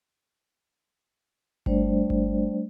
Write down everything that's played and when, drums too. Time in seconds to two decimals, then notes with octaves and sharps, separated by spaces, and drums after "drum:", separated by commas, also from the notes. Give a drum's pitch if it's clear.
1.66 G3 A3 D4 C5 D5, drum: kick G1
2.10 drum: kick G1